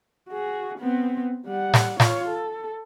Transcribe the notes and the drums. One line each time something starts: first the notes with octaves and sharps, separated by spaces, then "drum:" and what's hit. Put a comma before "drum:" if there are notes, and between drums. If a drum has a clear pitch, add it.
F#4 G#4
B3 C4
G3 F#5
drum: snare
F4 C#5, drum: snare
A4